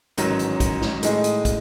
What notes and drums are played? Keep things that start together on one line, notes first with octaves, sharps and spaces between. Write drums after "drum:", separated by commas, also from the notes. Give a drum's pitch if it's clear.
A1 G#2 D#3 F#3 C#4, drum: hi-hat
drum: hi-hat
drum: kick, hi-hat
drum: snare
A2 G#3 D#4 G#4 D#5, drum: hi-hat
drum: hi-hat
drum: kick, hi-hat